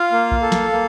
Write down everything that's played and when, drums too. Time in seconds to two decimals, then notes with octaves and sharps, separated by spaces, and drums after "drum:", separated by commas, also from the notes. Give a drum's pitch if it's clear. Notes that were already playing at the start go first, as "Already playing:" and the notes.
Already playing: F4 F5
0.12 A#3
0.32 drum: kick A#1
0.42 A4
0.52 drum: snare
0.72 A#3